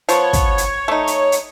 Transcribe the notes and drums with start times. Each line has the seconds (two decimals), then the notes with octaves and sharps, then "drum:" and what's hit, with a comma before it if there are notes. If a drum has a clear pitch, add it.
0.09 F3 B3 C#5, drum: hi-hat
0.33 drum: kick, hi-hat
0.58 drum: hi-hat
0.88 A3 D#4
1.07 drum: hi-hat
1.32 drum: hi-hat